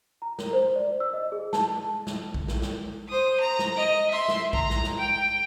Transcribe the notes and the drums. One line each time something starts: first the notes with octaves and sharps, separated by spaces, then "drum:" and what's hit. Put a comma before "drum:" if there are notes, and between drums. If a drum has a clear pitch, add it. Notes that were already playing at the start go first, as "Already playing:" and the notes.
A#5
A#4, drum: snare
C5
D5
E6
D#5
G#4
A5, drum: snare
drum: snare
drum: kick A#1
drum: snare
drum: snare
C5 D#6
A#5
drum: snare
D#5
E5 C6
drum: snare
A#5, drum: kick A#1
drum: snare
drum: snare
G5